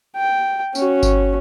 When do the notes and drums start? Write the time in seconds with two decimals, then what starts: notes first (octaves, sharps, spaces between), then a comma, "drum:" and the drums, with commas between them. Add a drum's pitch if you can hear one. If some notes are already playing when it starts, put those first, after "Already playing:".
0.17 G5
0.75 C#4 F#4, drum: tambourine
1.03 drum: kick G1, tambourine